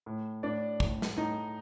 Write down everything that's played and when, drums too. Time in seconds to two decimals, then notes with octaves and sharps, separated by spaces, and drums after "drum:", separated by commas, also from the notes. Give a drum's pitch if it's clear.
0.06 A2
0.43 A2 D4 D5
0.80 A2, drum: kick
1.02 drum: snare
1.16 A2 D#4